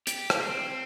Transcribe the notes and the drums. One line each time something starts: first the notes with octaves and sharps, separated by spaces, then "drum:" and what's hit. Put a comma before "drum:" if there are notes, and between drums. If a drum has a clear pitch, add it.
G4, drum: hi-hat
drum: rim click
C4